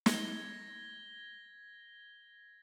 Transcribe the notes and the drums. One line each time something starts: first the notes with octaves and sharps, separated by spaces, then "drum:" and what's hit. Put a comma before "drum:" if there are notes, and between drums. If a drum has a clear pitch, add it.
G#6 A#6 G7, drum: snare